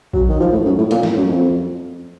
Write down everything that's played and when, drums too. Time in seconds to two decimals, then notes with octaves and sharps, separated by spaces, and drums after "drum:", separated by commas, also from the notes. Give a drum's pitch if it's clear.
0.14 F#3, drum: kick A#1
0.29 D#3
0.40 F3
0.52 A2
0.65 F#2
0.78 A2
0.91 A#2, drum: hi-hat
1.03 A2, drum: snare
1.17 F#2
1.29 F2